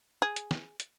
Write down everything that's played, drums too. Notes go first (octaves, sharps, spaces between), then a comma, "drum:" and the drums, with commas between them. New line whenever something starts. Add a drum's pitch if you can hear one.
G#4
drum: hi-hat
drum: snare
drum: hi-hat